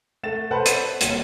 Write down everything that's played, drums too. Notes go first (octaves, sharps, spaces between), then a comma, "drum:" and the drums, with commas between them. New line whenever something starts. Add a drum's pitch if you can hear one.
A3 F#5 A6 E7
A4 B4 C5 F#5 A5
drum: hi-hat
D#1, drum: hi-hat